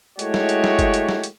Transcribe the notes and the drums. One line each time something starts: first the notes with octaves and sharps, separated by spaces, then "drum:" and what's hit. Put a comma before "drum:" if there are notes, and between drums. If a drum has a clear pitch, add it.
G#3 A3 E4 F#4 G4 C#5, drum: hi-hat
drum: snare
drum: hi-hat
drum: snare
drum: kick, hi-hat
drum: hi-hat
drum: snare
drum: hi-hat